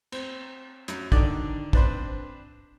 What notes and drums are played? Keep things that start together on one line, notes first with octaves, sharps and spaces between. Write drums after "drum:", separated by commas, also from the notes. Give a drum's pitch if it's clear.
C4, drum: cymbal
F#2, drum: hi-hat
D3 D#3 D4 D5, drum: kick
C4 D4 B4 C5, drum: kick